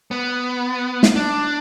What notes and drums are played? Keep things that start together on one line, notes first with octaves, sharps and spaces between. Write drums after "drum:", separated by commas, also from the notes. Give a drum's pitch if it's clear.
B3
drum: snare
D4